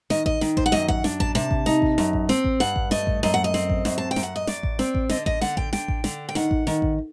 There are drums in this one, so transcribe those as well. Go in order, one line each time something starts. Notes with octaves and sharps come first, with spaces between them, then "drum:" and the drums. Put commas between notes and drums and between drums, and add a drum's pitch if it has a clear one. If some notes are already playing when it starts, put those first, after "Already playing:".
D#3 D#5, drum: snare
D#5, drum: kick A1
D#3, drum: snare
C5, drum: kick A1
F#5
F#2 D#5, drum: snare
F#5, drum: kick A1
D4, drum: snare
A5, drum: kick A1
C3 A5, drum: snare
drum: kick A1
D#4, drum: snare
drum: kick A1
F#2, drum: snare
drum: kick A1
C4, drum: snare
drum: kick A1
G2 F#5, drum: snare
drum: kick A1
A3 D#5, drum: snare
drum: kick A1
F#2 D#5, drum: snare
F#5
D#5
C4, drum: snare
drum: kick A1
F#2, drum: snare
A5
G5
F#2, drum: snare
F#5
D#5
F#2 D5, drum: snare
drum: kick A1
C4, drum: snare
drum: kick A1
D3 D#5, drum: snare
D#5, drum: kick A1
D3 F#5, drum: snare
G5, drum: kick A1
D3 G5, drum: snare
drum: kick A1
D3, drum: snare
G5
D#3 F#5, drum: snare
drum: kick A1
D#3, drum: snare
drum: kick A1